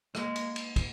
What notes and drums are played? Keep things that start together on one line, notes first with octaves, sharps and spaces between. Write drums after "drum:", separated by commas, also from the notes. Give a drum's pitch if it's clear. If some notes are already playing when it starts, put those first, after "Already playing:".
G#3 A#3, drum: rim click
drum: cymbal
drum: cymbal
drum: kick, cymbal